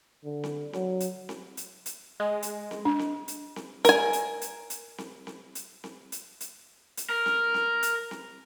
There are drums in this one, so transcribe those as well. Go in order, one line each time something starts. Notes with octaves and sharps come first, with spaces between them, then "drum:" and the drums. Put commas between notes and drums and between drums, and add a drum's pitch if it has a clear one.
D3
drum: snare C4
F#3, drum: snare C4
drum: hi-hat
drum: snare C4
drum: hi-hat
drum: hi-hat
G#3
drum: hi-hat
drum: snare C4
D4
drum: snare C4
drum: hi-hat
drum: snare C4
A#4 G#5, drum: hi-hat
drum: hi-hat
drum: hi-hat
drum: hi-hat
drum: snare C4
drum: snare C4
drum: hi-hat
drum: snare C4
drum: hi-hat
drum: hi-hat
drum: hi-hat
A#4
drum: snare C4
drum: snare C4
drum: hi-hat
drum: snare C4